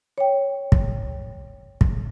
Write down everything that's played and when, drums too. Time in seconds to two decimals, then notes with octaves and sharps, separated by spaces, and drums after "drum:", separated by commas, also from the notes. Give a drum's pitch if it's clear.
0.18 C#5 G5
0.72 drum: kick
1.81 drum: kick